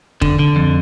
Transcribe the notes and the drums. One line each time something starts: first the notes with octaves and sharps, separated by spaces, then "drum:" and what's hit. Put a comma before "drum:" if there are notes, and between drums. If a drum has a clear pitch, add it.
D3, drum: kick
D3
F2